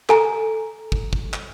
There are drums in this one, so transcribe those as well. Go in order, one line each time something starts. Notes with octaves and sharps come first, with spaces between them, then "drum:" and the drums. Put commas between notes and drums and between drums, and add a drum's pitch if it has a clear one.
A4 G#5 A#5, drum: clap
drum: kick
drum: kick
drum: clap